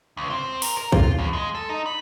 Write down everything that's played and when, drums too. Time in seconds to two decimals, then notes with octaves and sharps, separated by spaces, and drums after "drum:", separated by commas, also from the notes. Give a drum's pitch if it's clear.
0.17 C#2
0.30 C4
0.62 A#4, drum: open hi-hat
0.77 A#4
0.92 F4, drum: kick
1.18 E2
1.33 G#3
1.55 A4
1.69 D#4
1.86 B5